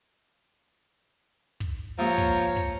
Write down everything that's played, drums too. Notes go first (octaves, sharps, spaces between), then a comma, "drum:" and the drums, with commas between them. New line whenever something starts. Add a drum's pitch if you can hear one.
drum: kick
F3 G#3 A#3 G4 C#5 A#5
drum: kick
drum: kick